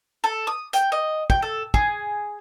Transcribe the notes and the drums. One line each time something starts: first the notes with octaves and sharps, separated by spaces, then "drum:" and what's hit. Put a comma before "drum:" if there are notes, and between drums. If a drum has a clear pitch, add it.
A4
D#6
G5, drum: hi-hat
D#5
G5, drum: kick
A4
G#4, drum: kick